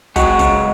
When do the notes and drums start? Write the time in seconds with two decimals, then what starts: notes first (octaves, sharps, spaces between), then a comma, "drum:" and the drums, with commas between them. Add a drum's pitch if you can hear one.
0.16 G#3 F#4, drum: kick, hi-hat
0.39 C#3, drum: kick, hi-hat